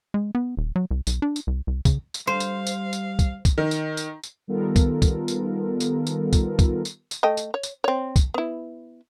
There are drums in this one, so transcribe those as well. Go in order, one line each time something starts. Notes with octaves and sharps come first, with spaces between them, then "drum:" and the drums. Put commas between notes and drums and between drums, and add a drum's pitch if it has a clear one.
G#3
B3
D#1
F#3
C2
B1, drum: tambourine
D4
drum: tambourine
C2
C2
C#3, drum: kick, tambourine
drum: tambourine
G3 C5 F5
drum: tambourine
drum: tambourine
drum: tambourine
drum: kick, tambourine
drum: kick, tambourine
D#3
drum: tambourine
drum: tambourine
drum: tambourine
D#3 G3 B3 F4 A4 A#4
drum: kick, tambourine
drum: kick, tambourine
drum: tambourine
drum: tambourine
drum: tambourine
drum: kick, tambourine
drum: kick, tambourine
drum: tambourine
drum: tambourine
A3 D#5 G5
drum: tambourine
C#5
drum: tambourine
C4 C#5
drum: kick, tambourine
B3 E4